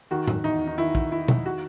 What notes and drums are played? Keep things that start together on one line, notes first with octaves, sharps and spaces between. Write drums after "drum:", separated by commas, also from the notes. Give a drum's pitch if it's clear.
D#3 F#4
drum: tom A2
E2 D#4
D#4
D#3 E4
drum: kick
D#3 E4
drum: tom B2
F#4